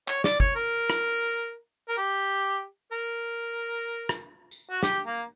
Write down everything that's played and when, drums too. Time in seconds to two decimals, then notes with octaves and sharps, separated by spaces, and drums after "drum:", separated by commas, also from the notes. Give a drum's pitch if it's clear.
0.08 C#5, drum: clap
0.24 D5, drum: snare
0.40 C#5, drum: kick
0.56 A#4
0.90 drum: rim click
1.89 A#4
1.98 G4
2.92 A#4
4.09 drum: rim click
4.51 drum: tambourine
4.71 F#4
4.83 G4, drum: snare
5.06 A#3